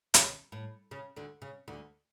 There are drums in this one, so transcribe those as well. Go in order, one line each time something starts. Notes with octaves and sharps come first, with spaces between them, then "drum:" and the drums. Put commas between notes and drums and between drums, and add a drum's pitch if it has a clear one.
C#3, drum: hi-hat
A2
C#3
D2 D3
C#3
D2 D3